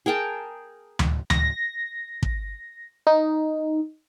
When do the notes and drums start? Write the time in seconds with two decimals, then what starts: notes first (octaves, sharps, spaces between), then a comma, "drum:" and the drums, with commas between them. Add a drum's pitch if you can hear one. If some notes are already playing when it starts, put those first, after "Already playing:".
0.06 G#4 A#4 G5 A5
0.99 drum: tom D2
1.30 A#6, drum: tom D2
2.23 drum: kick
3.07 D#4